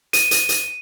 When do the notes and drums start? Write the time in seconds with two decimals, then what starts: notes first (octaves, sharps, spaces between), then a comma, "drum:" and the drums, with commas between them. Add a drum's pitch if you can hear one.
0.13 D#7, drum: hi-hat
0.31 drum: hi-hat
0.49 drum: hi-hat